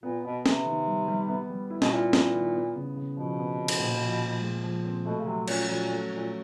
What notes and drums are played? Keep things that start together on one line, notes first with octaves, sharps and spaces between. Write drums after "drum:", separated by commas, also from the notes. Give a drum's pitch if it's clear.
A#2 B3
B2 B3
C3 B3, drum: snare
D#3
G3
G3
B3
G3
E4
B2, drum: snare
A#2 E4
B3, drum: snare
D#3
B3
C#3
C#3
B2 F3
B3
C#3
drum: cymbal
A#2
F3
F3
G#3
F3
C4
B2 A3
C#3
C3 F#3
A#2 C#4, drum: cymbal
A#2 F#3
A#2
A3
A3
A#2